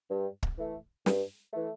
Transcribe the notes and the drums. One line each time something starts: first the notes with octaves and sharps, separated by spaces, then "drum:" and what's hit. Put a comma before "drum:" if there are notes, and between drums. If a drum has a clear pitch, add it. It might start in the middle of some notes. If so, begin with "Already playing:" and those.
G2
drum: kick
E3 A3
G2, drum: snare
E3 A3